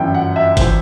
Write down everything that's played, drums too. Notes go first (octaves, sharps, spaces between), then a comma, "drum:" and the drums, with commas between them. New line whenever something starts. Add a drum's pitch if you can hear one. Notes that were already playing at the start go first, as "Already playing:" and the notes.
Already playing: G1 F#2 E3 G5
F#5
E5
E3 C5, drum: kick G1, hi-hat